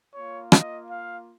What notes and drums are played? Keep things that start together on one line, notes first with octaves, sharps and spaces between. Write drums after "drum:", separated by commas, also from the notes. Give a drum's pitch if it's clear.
A#3 F4 C#5
D#5, drum: rim click
F5